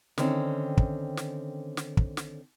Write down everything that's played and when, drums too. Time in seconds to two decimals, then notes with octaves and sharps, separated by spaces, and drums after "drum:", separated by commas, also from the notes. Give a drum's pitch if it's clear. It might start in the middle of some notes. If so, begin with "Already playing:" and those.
0.18 D3 D#3 C4 C#4, drum: snare
0.77 drum: kick
1.17 drum: snare
1.77 drum: snare
1.97 drum: kick
2.17 drum: snare